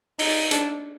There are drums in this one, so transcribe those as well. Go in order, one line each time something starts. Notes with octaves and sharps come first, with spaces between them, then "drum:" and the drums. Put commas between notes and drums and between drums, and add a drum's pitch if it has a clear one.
D#4, drum: open hi-hat
D4, drum: hi-hat